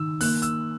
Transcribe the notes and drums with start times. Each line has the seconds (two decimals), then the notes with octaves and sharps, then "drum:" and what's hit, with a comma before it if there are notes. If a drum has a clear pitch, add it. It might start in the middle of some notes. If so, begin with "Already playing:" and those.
Already playing: D#3 E6
0.21 A#3 F#6, drum: open hi-hat
0.42 E6, drum: hi-hat